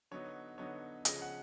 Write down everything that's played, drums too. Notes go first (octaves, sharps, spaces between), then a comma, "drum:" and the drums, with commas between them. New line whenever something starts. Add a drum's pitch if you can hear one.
D3 F#3 B3 D#4 C#5
D3 F#3 B3 D#4 C#5
C#3 F3 G#3 C#4 D#5, drum: hi-hat
F#5